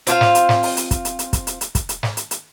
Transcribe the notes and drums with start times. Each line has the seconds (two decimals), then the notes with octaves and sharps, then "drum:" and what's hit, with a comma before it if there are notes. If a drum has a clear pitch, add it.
0.07 C4 F4 G#4 F5, drum: hi-hat
0.21 drum: snare
0.35 drum: hi-hat
0.49 drum: snare
0.63 drum: open hi-hat
0.77 drum: hi-hat
0.91 drum: kick, hi-hat
1.05 drum: hi-hat
1.19 drum: hi-hat
1.33 drum: kick, hi-hat
1.47 drum: hi-hat
1.61 drum: hi-hat
1.75 drum: kick, hi-hat
1.89 drum: hi-hat
2.03 drum: snare
2.17 drum: hi-hat
2.31 drum: hi-hat